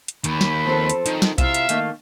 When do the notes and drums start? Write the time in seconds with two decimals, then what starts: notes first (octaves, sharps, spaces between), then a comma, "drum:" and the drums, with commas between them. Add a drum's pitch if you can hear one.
0.08 drum: hi-hat
0.24 D#2 B5, drum: hi-hat
0.41 drum: snare
0.65 F3 C4 A4
0.90 drum: hi-hat
1.06 D#3, drum: hi-hat
1.22 drum: snare
1.38 C3 E4 F4 E5 F5, drum: kick B1, hi-hat
1.54 drum: hi-hat
1.69 D#3 A3 A#3, drum: hi-hat